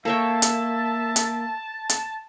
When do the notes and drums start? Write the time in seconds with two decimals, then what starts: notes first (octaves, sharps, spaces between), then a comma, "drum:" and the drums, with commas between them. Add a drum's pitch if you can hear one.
0.05 A#3 A4 C#5 E5 G5 A5
0.42 drum: hi-hat
1.16 drum: hi-hat
1.89 drum: hi-hat